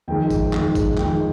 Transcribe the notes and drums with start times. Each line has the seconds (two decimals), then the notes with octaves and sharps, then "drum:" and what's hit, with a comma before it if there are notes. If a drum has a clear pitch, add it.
0.08 F2 D#3 G#3 G5
0.31 drum: kick G#1, tambourine
0.53 F2 D#3 G#3, drum: clap
0.75 drum: kick G#1, tambourine
0.97 F2 D#3 G#3 G5, drum: clap